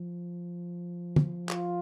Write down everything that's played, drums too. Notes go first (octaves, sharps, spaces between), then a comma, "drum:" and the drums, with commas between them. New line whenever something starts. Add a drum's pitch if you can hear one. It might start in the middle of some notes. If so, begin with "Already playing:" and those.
Already playing: F3
drum: tom
F4, drum: clap